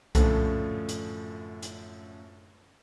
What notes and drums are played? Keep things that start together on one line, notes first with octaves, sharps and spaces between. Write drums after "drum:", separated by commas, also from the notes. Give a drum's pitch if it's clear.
F#2 A2 D3 F3 A3, drum: kick C2, hi-hat
drum: hi-hat
drum: hi-hat